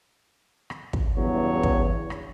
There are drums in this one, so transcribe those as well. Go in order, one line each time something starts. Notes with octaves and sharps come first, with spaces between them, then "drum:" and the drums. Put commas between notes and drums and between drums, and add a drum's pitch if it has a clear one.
drum: rim click
drum: kick
E2 G2 C#3 F#3 C#5
drum: kick
drum: rim click